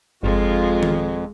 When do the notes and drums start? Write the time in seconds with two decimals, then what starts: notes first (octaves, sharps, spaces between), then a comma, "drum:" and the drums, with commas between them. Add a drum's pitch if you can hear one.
0.23 G1 F2 G#3 F4
0.83 drum: tom D#3